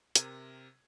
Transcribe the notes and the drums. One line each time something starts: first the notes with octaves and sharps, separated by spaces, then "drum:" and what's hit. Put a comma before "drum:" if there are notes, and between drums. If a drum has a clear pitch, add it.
C3 A#4 G#6 D#7, drum: hi-hat